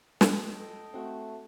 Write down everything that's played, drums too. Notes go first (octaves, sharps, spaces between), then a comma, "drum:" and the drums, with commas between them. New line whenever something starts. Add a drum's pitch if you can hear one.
A4 D#5 G5, drum: snare
A3 C4 F#4